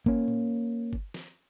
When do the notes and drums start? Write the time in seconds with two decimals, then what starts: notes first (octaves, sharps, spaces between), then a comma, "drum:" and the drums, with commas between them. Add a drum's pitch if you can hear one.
0.06 A#3 C#4, drum: kick G1
0.28 drum: tom A2
0.93 drum: kick G1
1.14 drum: snare